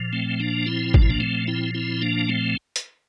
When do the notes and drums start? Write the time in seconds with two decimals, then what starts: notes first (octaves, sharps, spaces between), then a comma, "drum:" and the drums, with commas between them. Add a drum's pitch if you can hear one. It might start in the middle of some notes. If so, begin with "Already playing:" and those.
Already playing: A#2 F3
0.13 A3 C4
0.40 A#3 D4
0.66 C4 E4
0.94 D4, drum: kick
1.02 E4
1.10 A#3 D4
1.20 A3 C4
1.47 C4 E4
1.74 C4 E4
2.02 A#3 D4
2.28 A3 C4
2.76 drum: hi-hat